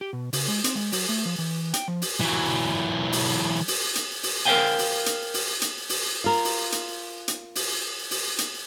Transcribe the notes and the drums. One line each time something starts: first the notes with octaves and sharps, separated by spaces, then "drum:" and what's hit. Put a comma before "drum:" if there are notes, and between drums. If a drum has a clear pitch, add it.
G4
B2
C#3, drum: open hi-hat
G#3
C4, drum: hi-hat
G#3
F#3, drum: open hi-hat
A3
F3
E3
G5, drum: hi-hat
F3
drum: open hi-hat
E3 F#3
drum: open hi-hat
drum: open hi-hat
drum: hi-hat
drum: open hi-hat
A#4 C5 E5 F5 G5 G#5
drum: open hi-hat
drum: hi-hat
drum: open hi-hat
drum: hi-hat
drum: open hi-hat
F4 A#4
drum: open hi-hat
drum: hi-hat
drum: hi-hat
drum: open hi-hat
drum: open hi-hat
drum: hi-hat